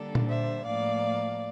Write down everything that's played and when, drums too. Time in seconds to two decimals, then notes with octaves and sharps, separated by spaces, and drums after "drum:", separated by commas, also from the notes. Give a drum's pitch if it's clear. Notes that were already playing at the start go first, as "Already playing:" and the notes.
Already playing: D3 G3 A#3 D4 A4
0.15 drum: tom A#2
0.28 C5 E5
0.65 A2 F3 A#3 D5 F5